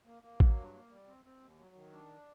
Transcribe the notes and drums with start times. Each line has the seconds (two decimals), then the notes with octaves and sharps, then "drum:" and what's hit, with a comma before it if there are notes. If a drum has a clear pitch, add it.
0.06 A#3
0.23 A#3
0.40 F#3, drum: kick A1
0.56 G2
0.74 A#3
0.90 G3
1.07 C4
1.25 C4
1.41 D#2
1.59 F#3
1.75 D#3
1.93 D4